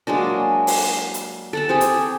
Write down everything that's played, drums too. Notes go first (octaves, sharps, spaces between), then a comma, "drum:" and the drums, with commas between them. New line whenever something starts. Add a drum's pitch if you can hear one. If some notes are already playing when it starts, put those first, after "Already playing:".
F#3 G#3 A#3 D4
drum: open hi-hat
drum: hi-hat
A4 F#5 A5
C4 G4 G#4
drum: hi-hat